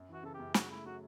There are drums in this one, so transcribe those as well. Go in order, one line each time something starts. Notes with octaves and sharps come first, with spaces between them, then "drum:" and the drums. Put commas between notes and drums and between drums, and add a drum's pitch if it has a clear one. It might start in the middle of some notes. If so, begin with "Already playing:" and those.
Already playing: F#2
E3 F#4
C#3 A4
G4
F#2
C#3 F#4, drum: snare
A3 E4
F#3 F#4